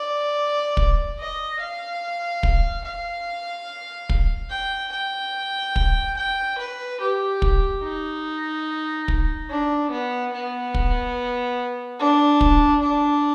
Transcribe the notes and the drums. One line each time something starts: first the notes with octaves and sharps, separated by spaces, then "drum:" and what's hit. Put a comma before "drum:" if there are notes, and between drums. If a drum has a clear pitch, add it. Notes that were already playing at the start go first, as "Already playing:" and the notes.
Already playing: D5
drum: kick
D#5
F5
drum: kick
F5
drum: kick
G5
G5
drum: kick
G5
B4
G4
drum: kick
D#4
drum: kick
D4
B3
B3
drum: kick
D4
drum: kick
D4